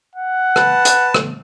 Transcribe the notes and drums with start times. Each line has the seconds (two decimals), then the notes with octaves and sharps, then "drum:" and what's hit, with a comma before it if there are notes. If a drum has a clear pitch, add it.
0.15 F#5
0.56 B4 A5, drum: rim click
0.85 drum: hi-hat
1.14 drum: rim click